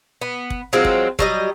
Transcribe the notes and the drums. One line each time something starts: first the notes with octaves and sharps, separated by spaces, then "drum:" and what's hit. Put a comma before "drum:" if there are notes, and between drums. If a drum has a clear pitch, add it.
B3
drum: kick
F#3 G#3 C4 F4
drum: kick
F#3 G3 D#5, drum: kick